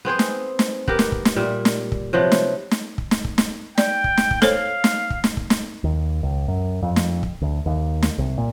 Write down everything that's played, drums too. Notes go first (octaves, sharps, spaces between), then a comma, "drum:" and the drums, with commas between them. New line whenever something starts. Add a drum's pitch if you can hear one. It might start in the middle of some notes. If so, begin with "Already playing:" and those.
B3 C4 G#4 C5
drum: snare
drum: snare
B3 G4 A#4, drum: kick
drum: snare
drum: kick
drum: snare
A#2 G3 E5
drum: snare
drum: kick
C3 F3 F#3 B3
drum: snare
drum: snare
drum: kick
drum: snare
drum: kick
drum: snare
D5 G5, drum: snare
drum: kick
drum: snare
drum: kick
A4 C5 C#5 F5, drum: snare
drum: snare
drum: kick
drum: snare
drum: kick
drum: snare
D#2
C#2
F#2
F2
drum: snare
drum: kick
D2
D#2
drum: snare
C2
A#2